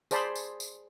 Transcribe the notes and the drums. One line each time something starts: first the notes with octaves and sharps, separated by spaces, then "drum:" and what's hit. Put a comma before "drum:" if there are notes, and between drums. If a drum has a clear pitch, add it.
G#4 C5 D5 A5 B5 C6, drum: tambourine
drum: tambourine
drum: tambourine